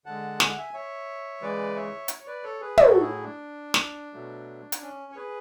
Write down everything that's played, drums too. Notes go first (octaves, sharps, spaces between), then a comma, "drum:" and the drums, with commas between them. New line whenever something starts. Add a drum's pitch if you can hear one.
D3 G#3 F#5 A5
G#5, drum: snare
F#5
E5 G#5
C#5 E5
C#3 E3 G#3 B4 D5
C#5 E5
drum: hi-hat
C#5
B4 D5
A4 C#5
G#4 B4
A2 F#3 A3 F#4 A4, drum: tom
E4 G#4
D4
drum: snare
B2 F#3 A3
drum: hi-hat
C#4
C#5
G#4 B4